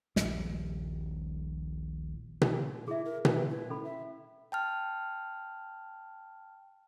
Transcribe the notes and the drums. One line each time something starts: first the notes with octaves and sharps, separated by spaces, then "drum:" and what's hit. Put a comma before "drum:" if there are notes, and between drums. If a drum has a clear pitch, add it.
D#1 A#1 F3 G3, drum: snare
drum: tom B2
E4 G#4 E5
A#4
B4, drum: tom B2
E4
C#4 A4 B5
E5
G5 A5 F6